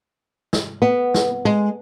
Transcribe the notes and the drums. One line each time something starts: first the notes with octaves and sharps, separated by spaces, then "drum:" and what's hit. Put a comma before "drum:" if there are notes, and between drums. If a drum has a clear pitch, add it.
drum: snare
B3
drum: snare
G#3